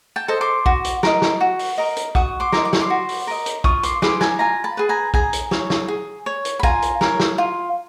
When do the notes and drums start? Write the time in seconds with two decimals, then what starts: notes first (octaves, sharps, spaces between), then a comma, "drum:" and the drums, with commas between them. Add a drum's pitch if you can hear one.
0.16 G5 A5
0.28 A4 C5 D#5
0.41 C6 D6
0.66 F#4, drum: kick B1
0.84 drum: hi-hat
1.03 A#4 D#5, drum: snare
1.22 drum: snare
1.41 F#4
1.59 drum: open hi-hat
1.78 A#4 D#5
1.97 drum: hi-hat
2.15 F#4 C#6 D#6, drum: kick B1
2.40 C6 D6
2.52 A#4 D#5, drum: snare
2.65 D6
2.73 C#6, drum: snare
2.81 C6 D6
2.90 F#4
3.09 drum: open hi-hat
3.27 A#4 D#5
3.46 drum: hi-hat
3.64 F4 C#6 D#6, drum: kick B1
3.83 C6 D6, drum: hi-hat
4.02 G#4 B4 C6 D6, drum: snare
4.21 G#5 A#5, drum: snare
4.39 F4 G#5 A#5
4.64 A5 B5
4.77 G#4 B4
4.89 G#5 A#5
5.14 G#4 G#5 A#5, drum: kick B1
5.33 drum: hi-hat
5.51 C#5, drum: snare
5.70 drum: snare
5.88 G#4
6.26 C#5
6.45 drum: hi-hat
6.59 B5
6.63 F4 G#5 A#5, drum: kick B1
6.82 drum: hi-hat
7.01 A#4 C#5, drum: snare
7.20 drum: snare
7.38 F4